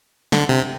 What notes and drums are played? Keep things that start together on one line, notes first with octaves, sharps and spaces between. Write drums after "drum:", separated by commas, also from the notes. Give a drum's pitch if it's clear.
D3, drum: snare
C3